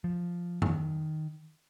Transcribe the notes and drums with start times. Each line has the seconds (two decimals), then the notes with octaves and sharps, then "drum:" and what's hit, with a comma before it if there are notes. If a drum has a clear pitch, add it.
0.04 F3
0.62 D#3, drum: tom G2